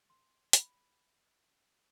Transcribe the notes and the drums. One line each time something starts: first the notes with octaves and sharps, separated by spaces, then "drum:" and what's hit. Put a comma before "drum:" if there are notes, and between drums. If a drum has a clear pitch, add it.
C6
B5, drum: hi-hat